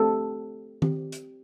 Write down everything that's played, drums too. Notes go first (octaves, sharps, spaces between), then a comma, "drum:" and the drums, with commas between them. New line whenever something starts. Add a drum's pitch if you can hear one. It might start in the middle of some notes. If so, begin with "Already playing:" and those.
Already playing: A3 C4 G4 A4
C4 G4, drum: tom D#3
drum: hi-hat